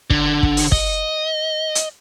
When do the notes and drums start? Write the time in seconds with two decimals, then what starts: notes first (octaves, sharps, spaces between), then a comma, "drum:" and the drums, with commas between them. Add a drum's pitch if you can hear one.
0.10 D3, drum: kick
0.43 drum: kick
0.57 drum: open hi-hat
0.72 D#5, drum: kick
1.75 drum: hi-hat